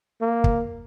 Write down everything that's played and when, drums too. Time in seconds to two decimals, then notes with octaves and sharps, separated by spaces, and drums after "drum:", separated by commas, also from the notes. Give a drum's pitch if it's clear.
0.21 A#3
0.44 drum: kick